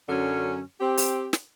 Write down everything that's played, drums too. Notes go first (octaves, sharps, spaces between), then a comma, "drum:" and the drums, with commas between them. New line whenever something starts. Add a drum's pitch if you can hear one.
F#2 D3 F#3 C#4
C4 G4
drum: open hi-hat
drum: snare